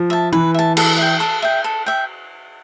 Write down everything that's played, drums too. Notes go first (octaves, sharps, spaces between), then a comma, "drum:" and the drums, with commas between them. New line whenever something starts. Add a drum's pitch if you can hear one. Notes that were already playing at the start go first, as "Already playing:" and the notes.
Already playing: F3
E5 A5
E3 B4
E5 A5
A4, drum: cymbal
E5 G5
A4
E5 G5
A4
E5 G5